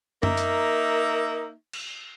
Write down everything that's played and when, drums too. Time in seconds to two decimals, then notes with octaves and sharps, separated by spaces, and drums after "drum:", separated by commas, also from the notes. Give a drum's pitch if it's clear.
0.23 A#3 D#4 A#4 E5, drum: tom F#2
0.37 drum: hi-hat
1.73 drum: cymbal